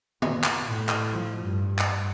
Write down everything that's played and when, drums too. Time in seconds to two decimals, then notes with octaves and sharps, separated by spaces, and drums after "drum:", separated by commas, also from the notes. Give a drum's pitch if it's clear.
0.22 A#2, drum: tom
0.44 drum: clap
0.66 A2
0.89 drum: clap
1.12 F3
1.42 G2
1.78 drum: clap